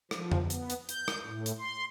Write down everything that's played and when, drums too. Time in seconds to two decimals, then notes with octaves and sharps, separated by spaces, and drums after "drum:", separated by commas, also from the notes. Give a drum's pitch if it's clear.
0.11 F3, drum: rim click
0.32 drum: tom F2
0.50 B3, drum: hi-hat
0.70 drum: hi-hat
0.89 G6, drum: hi-hat
1.08 drum: rim click
1.24 A2
1.46 drum: hi-hat
1.58 C6